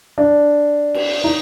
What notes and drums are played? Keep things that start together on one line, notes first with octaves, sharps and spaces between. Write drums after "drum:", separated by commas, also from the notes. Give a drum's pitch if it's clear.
D4
drum: cymbal
D#4